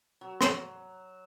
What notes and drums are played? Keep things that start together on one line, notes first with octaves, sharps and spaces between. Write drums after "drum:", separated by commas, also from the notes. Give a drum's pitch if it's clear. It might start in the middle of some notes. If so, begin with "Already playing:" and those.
F#3
drum: rim click